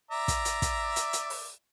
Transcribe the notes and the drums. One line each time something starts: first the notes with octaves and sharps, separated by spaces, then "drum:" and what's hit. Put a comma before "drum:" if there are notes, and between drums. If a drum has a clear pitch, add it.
D5 E5 A#5
drum: kick, hi-hat
drum: hi-hat
drum: kick, hi-hat
drum: hi-hat
drum: hi-hat
drum: open hi-hat